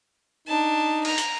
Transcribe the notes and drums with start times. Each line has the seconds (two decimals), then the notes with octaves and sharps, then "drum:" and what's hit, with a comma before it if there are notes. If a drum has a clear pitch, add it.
0.48 D4 D#4 A5
1.05 A#5, drum: cymbal
1.18 drum: hi-hat